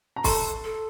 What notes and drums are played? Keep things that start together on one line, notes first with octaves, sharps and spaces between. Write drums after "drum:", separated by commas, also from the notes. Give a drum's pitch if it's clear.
A#5
A4 A5 C6, drum: kick, open hi-hat
A4